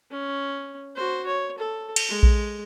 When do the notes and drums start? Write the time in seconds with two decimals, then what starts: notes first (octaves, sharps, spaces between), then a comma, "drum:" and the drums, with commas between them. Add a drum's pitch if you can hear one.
0.11 C#4
0.96 F#4 C5
1.27 C#5
1.58 A4
1.96 drum: cymbal
2.09 G#3
2.23 drum: kick A#1